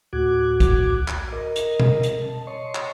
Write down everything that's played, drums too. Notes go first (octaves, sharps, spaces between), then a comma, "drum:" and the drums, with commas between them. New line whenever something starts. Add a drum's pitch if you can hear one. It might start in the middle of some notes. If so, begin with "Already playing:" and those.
D2 A2 F#4 D6 F#6 G#6
drum: kick, hi-hat
drum: clap
A#4 D#5
drum: hi-hat
drum: tom B2
drum: hi-hat
A5
C#5 D#5 C6 C#6
drum: clap